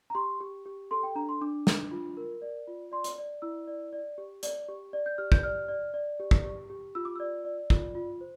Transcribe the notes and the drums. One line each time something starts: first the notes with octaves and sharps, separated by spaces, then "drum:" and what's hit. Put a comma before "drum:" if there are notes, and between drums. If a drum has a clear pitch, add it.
A#5
G4 C6
G4
G4
A4 C6
G5
D4 A#5
C6
D4 D6
D4, drum: snare
F4
A#4
D5
F4
D5 C6
drum: hi-hat
D5
E4 E6
D5
D5
G4
D5, drum: hi-hat
G4
D5
G6
G4 F6
G6, drum: kick
D5 F6
D5
D5
G4
drum: kick
G4
G4
F4 E6
D6
D5 E6
D5
F4, drum: kick
F4
C5